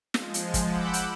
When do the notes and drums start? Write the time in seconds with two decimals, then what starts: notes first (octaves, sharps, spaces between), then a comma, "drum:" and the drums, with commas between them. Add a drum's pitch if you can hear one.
0.14 F3 G#3, drum: snare
0.34 drum: hi-hat
0.54 drum: kick, hi-hat
0.67 F#5 B5 D6 E6 F#6 G6
0.94 drum: hi-hat